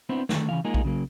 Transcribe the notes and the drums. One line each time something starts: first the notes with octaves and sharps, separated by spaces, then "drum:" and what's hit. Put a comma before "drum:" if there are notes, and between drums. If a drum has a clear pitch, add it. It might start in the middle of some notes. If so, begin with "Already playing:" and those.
B3 C4 D4 E4 C5
D3 D#3 A3, drum: snare
C#3 E3 F5
G#3 A#3 D#4 F4 G#4
drum: kick A#1
C#3 F#3 A#3